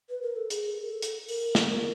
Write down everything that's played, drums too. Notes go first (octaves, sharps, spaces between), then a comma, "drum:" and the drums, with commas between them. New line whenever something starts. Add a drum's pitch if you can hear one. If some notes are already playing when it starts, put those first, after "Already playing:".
B4
A#4
A4
G#4, drum: hi-hat
A#4
A4
drum: hi-hat
A#4, drum: open hi-hat
drum: snare
A#4